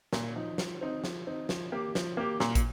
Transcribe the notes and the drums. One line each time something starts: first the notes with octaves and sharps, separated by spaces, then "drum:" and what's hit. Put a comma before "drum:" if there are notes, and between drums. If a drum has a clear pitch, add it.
A#2, drum: snare
F3 D#4
F3, drum: snare
C4 D#4
F3, drum: snare
C4 D#4
F3, drum: snare
A#3 G4
F3, drum: snare
A#3 G4
A#2, drum: snare
drum: kick, hi-hat